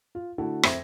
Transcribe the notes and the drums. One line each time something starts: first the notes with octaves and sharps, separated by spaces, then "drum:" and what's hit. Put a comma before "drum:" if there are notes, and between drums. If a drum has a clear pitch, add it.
F4
D3 A3 E4 F#4 A4
F2 C5 E5 G#6 A#6, drum: rim click